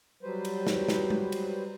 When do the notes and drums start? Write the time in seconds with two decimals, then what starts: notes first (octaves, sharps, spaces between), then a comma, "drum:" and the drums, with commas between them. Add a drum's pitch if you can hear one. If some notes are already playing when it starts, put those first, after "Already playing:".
0.23 F#3 G3 B4 C5
0.45 drum: cymbal
0.67 drum: snare
0.89 drum: snare
1.10 drum: tom G#3
1.32 drum: cymbal